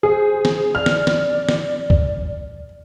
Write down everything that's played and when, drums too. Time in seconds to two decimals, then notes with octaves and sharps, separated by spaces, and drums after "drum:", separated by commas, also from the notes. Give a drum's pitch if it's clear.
0.03 G#4 C5
0.45 drum: snare
0.75 D5 F6
0.86 drum: snare
1.07 drum: snare
1.49 drum: snare
1.90 drum: kick C2